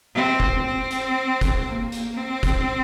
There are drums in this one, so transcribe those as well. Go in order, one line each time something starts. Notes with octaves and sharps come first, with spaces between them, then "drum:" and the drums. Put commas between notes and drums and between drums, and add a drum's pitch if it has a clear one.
C4
drum: kick
C4
drum: hi-hat
drum: kick, hi-hat
A#3
drum: hi-hat
C4
drum: kick, hi-hat